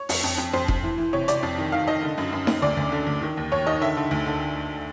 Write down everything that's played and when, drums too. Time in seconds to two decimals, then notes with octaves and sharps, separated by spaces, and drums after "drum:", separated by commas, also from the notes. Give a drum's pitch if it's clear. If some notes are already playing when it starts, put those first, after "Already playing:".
Already playing: C#5
0.09 F2, drum: open hi-hat
0.24 F2
0.38 F2
0.53 F2 C5
0.68 F2, drum: kick F1
0.83 E3
0.98 E3
1.13 C3 C#5
1.28 C3 D5, drum: hi-hat
1.43 F2
1.58 D#3
1.72 D#3 F5
1.87 D#3 D#5
2.02 D3
2.18 F#2
2.33 F#2
2.47 F#2, drum: snare D#4
2.62 D2 D5
2.77 D2
2.92 D3
3.07 D2
3.22 D#3
3.37 D#2
3.52 D#2 C#5
3.67 D#3 D#5
3.81 D3 E5
3.97 D3
4.11 D2
4.26 D3